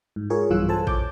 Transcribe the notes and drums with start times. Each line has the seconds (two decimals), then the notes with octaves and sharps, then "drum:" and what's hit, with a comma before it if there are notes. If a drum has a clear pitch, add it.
0.16 G#2
0.30 F4 G#4 A#4 C#5
0.50 B1 G2 E3 F4 E6 F#6
0.69 A4 C5 G#5 A5
0.87 C#5 D6 G6, drum: kick A1